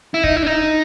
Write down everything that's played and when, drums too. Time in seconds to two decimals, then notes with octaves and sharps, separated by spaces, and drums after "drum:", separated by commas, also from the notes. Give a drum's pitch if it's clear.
0.14 E4
0.24 D#4, drum: kick
0.36 E4
0.43 D4
0.47 D#4